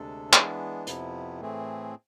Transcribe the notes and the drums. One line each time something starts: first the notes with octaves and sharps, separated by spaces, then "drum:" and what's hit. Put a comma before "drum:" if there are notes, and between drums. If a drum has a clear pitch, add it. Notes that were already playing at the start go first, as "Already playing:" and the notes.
Already playing: D2 C3 G#3 D4 A4
E3 G#3 B3 D4, drum: clap
F2 C3 F3 B3 E4, drum: hi-hat
A2 E3 A3 C4 G#4